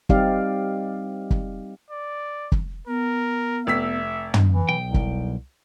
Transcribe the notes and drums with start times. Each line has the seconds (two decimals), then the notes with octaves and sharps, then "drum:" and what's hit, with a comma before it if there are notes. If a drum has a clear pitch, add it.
0.09 G3 C4 D#4 G4 D5 F5, drum: kick
1.31 drum: kick
1.91 D5
2.52 drum: kick
2.87 B3 A#4
3.67 F1 E5 E6 B6
4.34 drum: tom
4.51 E3
4.69 B1 G5
4.83 C2
4.94 drum: kick